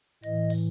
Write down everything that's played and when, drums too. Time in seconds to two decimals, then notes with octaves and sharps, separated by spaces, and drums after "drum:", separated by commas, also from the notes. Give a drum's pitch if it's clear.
0.24 A2 E3 D#5, drum: hi-hat
0.50 drum: open hi-hat